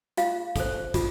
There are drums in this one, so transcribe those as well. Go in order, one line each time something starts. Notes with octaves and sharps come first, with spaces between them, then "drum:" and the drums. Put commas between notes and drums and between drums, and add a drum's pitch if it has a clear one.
F4 F5, drum: hi-hat
A4 C5, drum: kick, hi-hat
F4, drum: kick, hi-hat